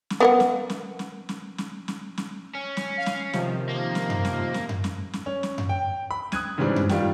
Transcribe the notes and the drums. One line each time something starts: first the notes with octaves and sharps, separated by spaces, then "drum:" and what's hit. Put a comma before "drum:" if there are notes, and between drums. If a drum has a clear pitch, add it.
drum: snare
B3 A#4 F#5
drum: snare
drum: snare
drum: snare
drum: snare
drum: snare
drum: snare
drum: snare
C#4
drum: snare
F5
drum: snare
C3 D#3 F3, drum: snare
A#3
drum: snare
drum: tom F#2
drum: snare
drum: snare
drum: tom F#2
drum: snare
drum: snare
C#4
drum: snare
drum: tom F#2
G5
B5
D#6 F#6 G#6 D#7, drum: snare
G#2 C#3 E3 G3 C4 D4
drum: tom F#2
D#3 G3 F4, drum: snare